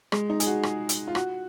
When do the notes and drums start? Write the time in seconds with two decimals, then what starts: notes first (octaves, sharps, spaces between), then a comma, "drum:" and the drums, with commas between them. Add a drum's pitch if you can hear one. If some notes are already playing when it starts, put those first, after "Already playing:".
0.12 G#3, drum: rim click
0.30 D#4
0.40 G#4, drum: hi-hat
0.47 F#4
0.63 G#4, drum: rim click
0.89 drum: hi-hat
1.08 F4
1.15 F#4, drum: rim click